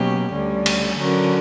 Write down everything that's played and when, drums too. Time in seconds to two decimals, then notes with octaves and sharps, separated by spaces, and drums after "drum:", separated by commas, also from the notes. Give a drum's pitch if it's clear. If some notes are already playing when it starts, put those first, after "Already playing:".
Already playing: B2 F#3 A#3 C#4 G4
0.32 D2 D3 G3 C#4
0.66 drum: cymbal
1.00 D3 F#3 C#4 F#4 A#4